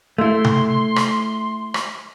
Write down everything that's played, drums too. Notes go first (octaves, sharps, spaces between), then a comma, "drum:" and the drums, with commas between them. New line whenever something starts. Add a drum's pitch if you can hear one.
A3 E4 C6
drum: tom C3
drum: rim click
drum: rim click